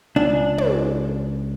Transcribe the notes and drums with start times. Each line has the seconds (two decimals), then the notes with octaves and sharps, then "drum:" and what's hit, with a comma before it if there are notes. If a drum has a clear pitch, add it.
0.16 C#2 D4
0.58 drum: tom